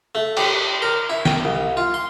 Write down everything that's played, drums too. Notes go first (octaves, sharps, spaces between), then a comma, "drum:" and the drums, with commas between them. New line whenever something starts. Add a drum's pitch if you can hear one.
A3
G4, drum: cymbal
A#4
E4
G5, drum: snare
C2
F4
C6